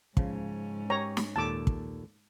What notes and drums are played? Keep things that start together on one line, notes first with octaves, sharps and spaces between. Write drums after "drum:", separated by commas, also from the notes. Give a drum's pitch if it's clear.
G#2 C#3 F3 C#4, drum: kick
G4 C#5 A#5
drum: snare
D#2 A#2 A4 A5 D6
drum: kick